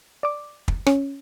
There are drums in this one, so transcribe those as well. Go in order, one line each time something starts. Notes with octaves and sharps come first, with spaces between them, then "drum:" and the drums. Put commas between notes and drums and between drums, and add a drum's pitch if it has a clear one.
D5 D6
drum: kick
C#4, drum: rim click